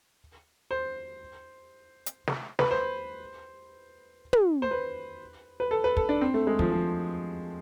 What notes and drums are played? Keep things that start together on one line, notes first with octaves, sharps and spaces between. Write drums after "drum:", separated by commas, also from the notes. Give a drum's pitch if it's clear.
C5
drum: hi-hat
drum: snare
B4, drum: snare
C5
drum: tom
C5
B4
B4
A4
B4
A4, drum: kick
D4
C4
A3
G#3
F3, drum: kick
F3